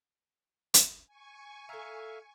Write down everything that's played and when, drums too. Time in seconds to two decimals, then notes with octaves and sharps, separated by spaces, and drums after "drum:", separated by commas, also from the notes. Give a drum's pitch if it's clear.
0.74 drum: hi-hat
1.06 G#5 C#6
1.69 A4 E5 F5 A#5